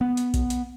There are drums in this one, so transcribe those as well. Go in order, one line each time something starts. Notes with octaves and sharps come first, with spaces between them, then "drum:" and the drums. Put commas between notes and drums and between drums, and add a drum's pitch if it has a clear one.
B3
drum: hi-hat
drum: kick A#1, hi-hat
drum: hi-hat